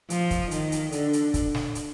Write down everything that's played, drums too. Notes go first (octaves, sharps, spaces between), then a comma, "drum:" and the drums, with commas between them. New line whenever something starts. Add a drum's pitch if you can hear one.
F3, drum: hi-hat
drum: kick, hi-hat
D#3, drum: hi-hat
drum: hi-hat
D3, drum: hi-hat
drum: hi-hat
drum: kick, hi-hat
drum: snare
drum: hi-hat